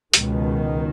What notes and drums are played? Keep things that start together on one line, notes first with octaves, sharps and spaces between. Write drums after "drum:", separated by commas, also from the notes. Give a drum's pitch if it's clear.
C#2 B2 D#3, drum: hi-hat